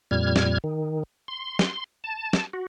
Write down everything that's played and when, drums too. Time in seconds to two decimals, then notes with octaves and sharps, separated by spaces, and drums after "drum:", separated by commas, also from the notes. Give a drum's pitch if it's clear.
0.11 F2 A#2 G3 F6 G#6
0.36 drum: snare
0.64 D#3
1.28 C6
1.59 drum: snare
2.04 A5
2.33 drum: snare
2.53 F#4